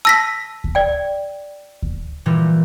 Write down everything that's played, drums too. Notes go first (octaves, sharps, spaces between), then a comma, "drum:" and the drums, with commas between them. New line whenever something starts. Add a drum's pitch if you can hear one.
A5 E6 A#6 B6
drum: kick D2
D5 G5
drum: kick D2
A#2 E3 G3